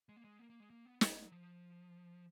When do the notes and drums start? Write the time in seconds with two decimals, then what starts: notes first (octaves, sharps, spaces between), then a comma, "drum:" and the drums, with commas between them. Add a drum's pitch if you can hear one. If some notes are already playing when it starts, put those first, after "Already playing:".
0.09 G#3
0.16 A#3
0.24 G#3
0.39 A#3
0.50 A#3
0.60 G#3
0.70 A#3
0.85 B3
1.01 B3, drum: snare
1.25 F#3
1.32 F3